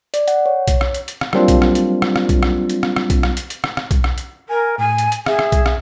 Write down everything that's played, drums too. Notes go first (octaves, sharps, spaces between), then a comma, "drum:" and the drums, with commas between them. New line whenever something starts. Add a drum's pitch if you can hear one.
D5, drum: hi-hat
F#5, drum: hi-hat
C#5
drum: kick B1, hi-hat
drum: rim click
drum: hi-hat
drum: hi-hat
drum: rim click
F#3 G3 A#3 C4 D4 F4, drum: rim click
drum: kick B1, hi-hat
drum: rim click
drum: hi-hat
drum: rim click
drum: rim click
drum: kick B1, hi-hat
drum: rim click
drum: hi-hat
drum: rim click
drum: rim click
drum: kick B1, hi-hat
drum: rim click
drum: hi-hat
drum: hi-hat
drum: rim click
drum: rim click
drum: kick B1, hi-hat
drum: rim click
drum: hi-hat
A#4 G#5
A2 G#5
drum: hi-hat
drum: hi-hat
G#4 E5, drum: rim click
drum: rim click
drum: kick B1, hi-hat
drum: rim click